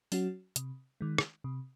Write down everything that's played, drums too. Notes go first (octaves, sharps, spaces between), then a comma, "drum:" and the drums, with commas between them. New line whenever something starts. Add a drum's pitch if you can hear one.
F#3 C#4 F#4, drum: open hi-hat
C3, drum: hi-hat
D#3 G#3
drum: rim click
C3